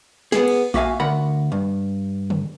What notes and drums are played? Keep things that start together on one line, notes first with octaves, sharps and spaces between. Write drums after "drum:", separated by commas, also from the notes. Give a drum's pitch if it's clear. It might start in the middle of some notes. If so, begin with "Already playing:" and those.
B3 G#4, drum: snare
drum: cymbal
A#3 F#4 E5 F5 G#5, drum: kick A#1
D2 A#4 F#5 B5
G2
drum: tom